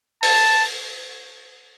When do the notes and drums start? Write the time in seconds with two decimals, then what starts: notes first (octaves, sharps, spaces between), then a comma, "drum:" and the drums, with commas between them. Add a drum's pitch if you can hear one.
0.23 A5, drum: open hi-hat